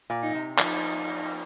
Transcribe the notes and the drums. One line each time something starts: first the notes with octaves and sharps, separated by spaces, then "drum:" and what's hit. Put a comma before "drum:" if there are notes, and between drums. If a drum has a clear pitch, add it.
A#2
D#4
C3
F3 D#4, drum: clap